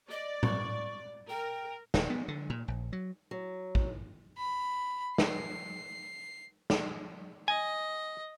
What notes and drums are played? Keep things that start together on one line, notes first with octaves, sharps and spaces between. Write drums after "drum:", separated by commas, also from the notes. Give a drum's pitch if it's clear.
D5 D#5
C#6, drum: tom A2
A#4 G5
D#1, drum: snare
B3
D3
A#2
A#1
F#3
F#3
drum: kick A1
B5
C7, drum: snare
drum: snare
D#5 G#5